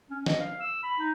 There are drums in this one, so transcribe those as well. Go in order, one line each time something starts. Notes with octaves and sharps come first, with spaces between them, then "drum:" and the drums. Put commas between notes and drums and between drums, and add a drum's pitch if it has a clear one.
C#4
D#5, drum: snare
F5
E6
B5
D#4